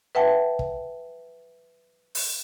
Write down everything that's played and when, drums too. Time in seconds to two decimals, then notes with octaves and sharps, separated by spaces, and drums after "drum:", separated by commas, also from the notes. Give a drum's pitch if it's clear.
0.15 B4 E5 F#5 G5 A5
0.59 drum: kick
2.15 drum: open hi-hat